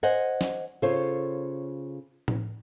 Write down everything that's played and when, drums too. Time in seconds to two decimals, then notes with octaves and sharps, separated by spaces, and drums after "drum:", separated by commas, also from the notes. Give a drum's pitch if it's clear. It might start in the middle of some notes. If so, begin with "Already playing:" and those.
0.03 C5 D#5 F#5 G#5
0.41 drum: snare
0.82 C#3 F4 A4 C5 C#5
2.28 drum: tom A2